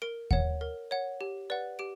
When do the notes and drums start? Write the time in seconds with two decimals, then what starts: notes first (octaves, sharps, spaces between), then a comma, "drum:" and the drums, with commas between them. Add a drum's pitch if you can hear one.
0.02 A#4 D7
0.31 C#5 F#5, drum: kick D#2
0.61 A#4
0.91 C#5 F#5
1.21 G4
1.50 B4 D5 F#5
1.79 G4 D7